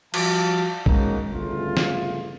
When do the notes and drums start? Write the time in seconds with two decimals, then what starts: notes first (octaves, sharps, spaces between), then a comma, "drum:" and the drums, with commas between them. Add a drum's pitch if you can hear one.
0.14 F3 G3 F#4 F5 A5, drum: cymbal
0.86 G#3 A#3 C#4 D#4 F#4, drum: kick
1.29 G1 C#3 A3 F4
1.77 drum: snare